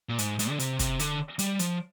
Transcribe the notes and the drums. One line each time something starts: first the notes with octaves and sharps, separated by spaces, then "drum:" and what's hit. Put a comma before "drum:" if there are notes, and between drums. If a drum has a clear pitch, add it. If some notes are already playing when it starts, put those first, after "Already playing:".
A#2
G#2, drum: hi-hat
G#2, drum: hi-hat
D3
C3, drum: hi-hat
C3, drum: kick, hi-hat
D3, drum: hi-hat
G3, drum: hi-hat
F3, drum: hi-hat